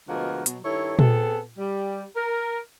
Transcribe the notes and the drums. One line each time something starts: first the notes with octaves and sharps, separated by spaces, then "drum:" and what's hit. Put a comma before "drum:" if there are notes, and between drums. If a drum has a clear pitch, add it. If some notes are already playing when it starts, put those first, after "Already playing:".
D2 B2 F3 G#3 A#4 F#5
B2 F#3, drum: hi-hat
G2 D#3 E4 A4 C#5
B3 C4 G#4 A4, drum: tom A#2
G3
A#4